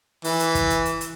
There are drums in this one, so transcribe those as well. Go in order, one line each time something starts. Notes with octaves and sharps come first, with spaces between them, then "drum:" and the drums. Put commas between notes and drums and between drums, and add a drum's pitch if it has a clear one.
E3, drum: open hi-hat
drum: hi-hat
drum: kick, hi-hat
drum: hi-hat
drum: hi-hat
drum: hi-hat